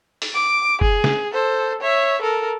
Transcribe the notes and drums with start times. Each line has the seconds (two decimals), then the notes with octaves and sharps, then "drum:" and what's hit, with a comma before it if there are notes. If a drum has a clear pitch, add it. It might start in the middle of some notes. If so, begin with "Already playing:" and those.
0.22 drum: open hi-hat
0.34 D6
0.81 G#4, drum: kick F#1
1.04 drum: snare
1.33 A4 C5
1.81 C#5 E5
2.22 A4 A#4